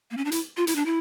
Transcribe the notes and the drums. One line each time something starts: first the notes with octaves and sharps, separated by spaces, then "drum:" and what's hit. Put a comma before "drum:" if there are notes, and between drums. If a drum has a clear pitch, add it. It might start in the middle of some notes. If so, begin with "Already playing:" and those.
A#3
C#4
D4
E4, drum: hi-hat
F4
E4, drum: hi-hat
D4
E4